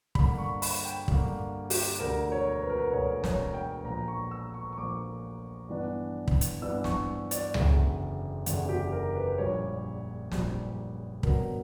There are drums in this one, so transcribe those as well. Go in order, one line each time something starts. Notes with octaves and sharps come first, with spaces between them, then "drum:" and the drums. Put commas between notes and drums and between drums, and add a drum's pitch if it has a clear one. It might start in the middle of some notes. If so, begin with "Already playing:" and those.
G2 D3 A#3 B5, drum: kick
C#6
B5, drum: open hi-hat
G5
G2 D3 A#3, drum: kick
G4, drum: open hi-hat
E1 D2 D3 A#4
C#5
B4
A#4
B4
E1 D2 D3 C#5
C#5, drum: snare
G5
A#1 A#2 A#3 A#5
C#6
E6
C#6
C#6
A#1 A#2 A#3 D6
G2 E3 B3 D4
drum: kick
drum: hi-hat
G2 E3 B3 D4 E6
C#6, drum: snare
D5, drum: hi-hat
F#1 E2 D3, drum: tom C#2
F#1 E2 D3, drum: hi-hat
G4
A#4
B4
A#1 A#2 G3 C#5
A#1 A#2 G3, drum: snare
G2 F#3 B3 A#4, drum: kick